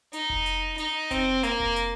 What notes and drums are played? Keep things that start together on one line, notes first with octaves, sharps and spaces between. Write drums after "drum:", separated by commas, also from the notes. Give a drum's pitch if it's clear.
D#4, drum: hi-hat
drum: kick F1
drum: hi-hat
D#4, drum: hi-hat
C4, drum: kick F1, hi-hat
A#3, drum: hi-hat
drum: kick F1
drum: hi-hat